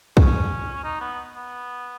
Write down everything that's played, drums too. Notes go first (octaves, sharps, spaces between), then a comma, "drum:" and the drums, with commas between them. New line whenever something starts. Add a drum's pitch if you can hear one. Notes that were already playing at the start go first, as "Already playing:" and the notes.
C#4, drum: kick
D#4
B3
B3